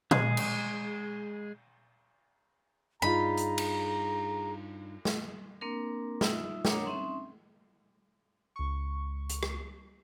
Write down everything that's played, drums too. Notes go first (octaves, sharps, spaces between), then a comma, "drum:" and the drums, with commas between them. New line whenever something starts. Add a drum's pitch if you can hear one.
G#3 G#4, drum: tom A#2
drum: cymbal
G2 D#4 F4 G#4 A#5 B5
drum: hi-hat
drum: cymbal
drum: snare
A#3 C4 D4 A#4
D#4 F4 E5 E6, drum: snare
D4 A#4 C#5 F#5 A#5 D#6, drum: snare
C4 C#4 D#4 E5 C6
C#2 C#6
drum: hi-hat
drum: rim click